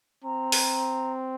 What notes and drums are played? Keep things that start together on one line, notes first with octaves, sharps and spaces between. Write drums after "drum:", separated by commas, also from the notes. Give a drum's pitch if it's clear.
C4 A#5
drum: open hi-hat